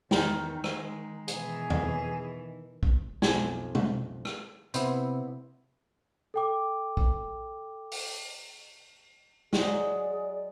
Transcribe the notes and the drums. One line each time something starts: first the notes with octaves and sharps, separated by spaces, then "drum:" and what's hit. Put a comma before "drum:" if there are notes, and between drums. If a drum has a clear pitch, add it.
E2 D#3, drum: snare
G#3, drum: rim click
B2 E3 G#4, drum: hi-hat
drum: tom E2
drum: kick A#1
B1 F2 G#5, drum: snare
drum: tom
drum: rim click
C3 B3 E4 C5, drum: hi-hat
A4 G5 D6
drum: kick A#1
drum: open hi-hat
F#3 G#3 G#4 D5, drum: snare